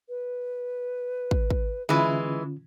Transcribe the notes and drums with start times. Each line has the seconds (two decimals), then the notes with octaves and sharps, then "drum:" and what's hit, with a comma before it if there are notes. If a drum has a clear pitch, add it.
0.09 B4
1.31 drum: kick
1.50 drum: kick
1.89 D3 E3 G#3 C#4 F4